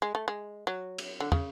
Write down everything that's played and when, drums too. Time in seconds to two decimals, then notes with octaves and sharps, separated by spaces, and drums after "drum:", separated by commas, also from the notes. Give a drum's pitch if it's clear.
0.02 G#3
0.15 A3
0.28 G#3
0.67 F#3
0.98 drum: cymbal
1.20 D3
1.32 C#3, drum: tom